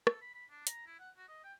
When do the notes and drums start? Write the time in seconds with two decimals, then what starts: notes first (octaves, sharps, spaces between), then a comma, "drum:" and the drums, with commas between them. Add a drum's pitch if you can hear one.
0.07 A4, drum: rim click
0.21 B5
0.34 B5
0.50 D4
0.67 A#5, drum: hi-hat
0.87 E4
0.99 F#5
1.17 F#4
1.28 D#5
1.44 G5